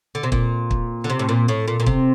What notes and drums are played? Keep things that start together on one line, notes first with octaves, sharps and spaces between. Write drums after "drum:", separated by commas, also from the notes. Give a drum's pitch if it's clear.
D3
C3
A#2, drum: kick
drum: kick
D3
C3
A2
A#2
A2
A#2
A#2
C3, drum: kick